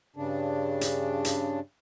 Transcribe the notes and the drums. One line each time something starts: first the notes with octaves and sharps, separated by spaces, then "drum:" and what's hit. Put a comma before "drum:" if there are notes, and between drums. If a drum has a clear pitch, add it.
G2 C#3 D4
drum: hi-hat
drum: hi-hat